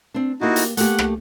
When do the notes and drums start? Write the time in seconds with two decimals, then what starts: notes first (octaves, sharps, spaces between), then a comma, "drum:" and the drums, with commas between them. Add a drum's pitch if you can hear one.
0.14 C4 D4
0.41 A#3 D#4 E4 F#4 G4
0.56 drum: hi-hat
0.77 A3 A#3 G4 F#5, drum: hi-hat
0.98 drum: rim click